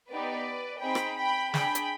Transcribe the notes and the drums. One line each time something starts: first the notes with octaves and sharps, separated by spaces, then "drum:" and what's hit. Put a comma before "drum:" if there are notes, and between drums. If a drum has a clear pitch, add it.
B3 D#4 G4 B4 D5
C4 D#4 G#4 G5 B5
drum: rim click
G5 B5
D4 G#4 G5 B5, drum: snare
drum: hi-hat